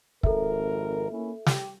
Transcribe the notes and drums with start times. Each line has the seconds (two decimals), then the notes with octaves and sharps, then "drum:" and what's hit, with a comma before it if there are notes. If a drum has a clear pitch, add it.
0.23 G#1 F2 A4 A#4 E5, drum: kick
1.11 A#3 C#4 E4
1.46 G4, drum: snare